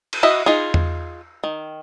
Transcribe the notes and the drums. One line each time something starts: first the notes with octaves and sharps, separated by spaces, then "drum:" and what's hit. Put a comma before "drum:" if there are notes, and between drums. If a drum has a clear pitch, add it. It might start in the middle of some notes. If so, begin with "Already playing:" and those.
drum: cymbal
E4 F#4 D#5 E5
D#4 F4 G#4
drum: tom E2
D#3